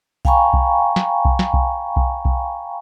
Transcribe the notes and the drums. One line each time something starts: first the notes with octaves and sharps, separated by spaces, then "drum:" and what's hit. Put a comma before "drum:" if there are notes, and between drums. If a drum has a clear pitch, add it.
F5 G5 G#5 A#5 B5 C#6, drum: kick B1
drum: kick B1
drum: snare
drum: kick B1
drum: snare
drum: kick B1
drum: kick B1
drum: kick B1